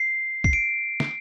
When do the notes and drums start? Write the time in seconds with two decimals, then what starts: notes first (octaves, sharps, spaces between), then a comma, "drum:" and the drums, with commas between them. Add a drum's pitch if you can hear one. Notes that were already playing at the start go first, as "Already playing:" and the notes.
Already playing: C7
0.44 C7, drum: kick
0.53 D7
1.00 drum: snare